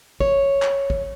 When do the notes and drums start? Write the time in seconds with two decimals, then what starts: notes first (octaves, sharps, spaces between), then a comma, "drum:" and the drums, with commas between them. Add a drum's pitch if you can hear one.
0.20 C#5, drum: kick
0.62 drum: clap
0.90 drum: kick